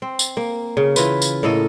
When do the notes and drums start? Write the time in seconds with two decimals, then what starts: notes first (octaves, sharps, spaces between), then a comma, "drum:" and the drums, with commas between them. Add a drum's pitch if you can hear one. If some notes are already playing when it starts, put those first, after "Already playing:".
0.02 C4
0.19 drum: tambourine
0.37 A#3
0.77 C#3
0.96 E3 F4 B4, drum: tambourine
1.22 drum: tambourine
1.43 A2 A#3 A4 D#5